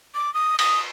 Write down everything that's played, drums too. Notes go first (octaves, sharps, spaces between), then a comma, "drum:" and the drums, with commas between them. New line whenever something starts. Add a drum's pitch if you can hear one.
D6
D#6
D#6, drum: cymbal